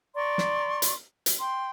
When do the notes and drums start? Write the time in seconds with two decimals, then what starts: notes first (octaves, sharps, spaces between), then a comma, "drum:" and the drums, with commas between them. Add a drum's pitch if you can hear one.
0.16 D5 A#5 C6 C#6
0.38 drum: snare
0.82 drum: hi-hat
1.26 drum: hi-hat
1.40 G5 C6